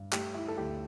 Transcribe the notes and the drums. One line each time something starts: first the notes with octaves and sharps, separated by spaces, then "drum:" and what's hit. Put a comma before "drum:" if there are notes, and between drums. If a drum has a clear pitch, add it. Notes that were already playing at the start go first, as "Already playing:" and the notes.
Already playing: G2
A3 G4, drum: clap
E4
A4
D2 G4